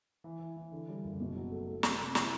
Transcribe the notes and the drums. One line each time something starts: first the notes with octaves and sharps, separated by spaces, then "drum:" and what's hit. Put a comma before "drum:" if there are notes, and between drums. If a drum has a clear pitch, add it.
E3
E3
E3
D3
G3
F#1
B2
F#3
A3
A3
C3, drum: snare
C4
E4, drum: snare